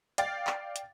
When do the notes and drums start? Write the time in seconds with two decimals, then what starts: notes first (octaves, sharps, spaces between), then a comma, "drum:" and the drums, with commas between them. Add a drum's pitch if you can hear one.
0.18 D5 F5 G5 A6, drum: hi-hat
0.47 drum: clap
0.76 drum: hi-hat